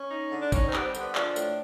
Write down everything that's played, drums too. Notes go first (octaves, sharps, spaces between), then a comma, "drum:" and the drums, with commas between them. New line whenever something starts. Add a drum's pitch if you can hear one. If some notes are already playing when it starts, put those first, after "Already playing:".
Already playing: C#4
D#4
D3
D4
C#4 D#4, drum: kick G#1, tambourine
C4
G3 B3, drum: clap
C4
D3, drum: tambourine
B3
F3 D4, drum: clap
A2, drum: tambourine